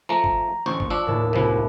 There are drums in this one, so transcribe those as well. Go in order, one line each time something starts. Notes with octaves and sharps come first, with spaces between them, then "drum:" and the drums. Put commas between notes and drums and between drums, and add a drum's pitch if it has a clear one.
F3 A3 A#5
drum: kick G1
A1 D2 C5 C#6
drum: kick G1
F3 D4 E6
D#2 A2 A5
C2 C3 F3 B4